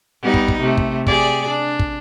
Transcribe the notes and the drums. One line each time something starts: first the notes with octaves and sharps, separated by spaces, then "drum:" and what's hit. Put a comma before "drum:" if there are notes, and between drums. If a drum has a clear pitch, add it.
G3 B3 D#4
drum: kick
drum: kick
C3 A3
drum: kick
G4 G#4 D5, drum: kick
D4
drum: kick